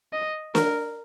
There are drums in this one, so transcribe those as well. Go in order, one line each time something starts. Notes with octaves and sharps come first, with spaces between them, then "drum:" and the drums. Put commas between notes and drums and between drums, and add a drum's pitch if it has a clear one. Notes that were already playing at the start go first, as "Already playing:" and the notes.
D#5
A#4, drum: snare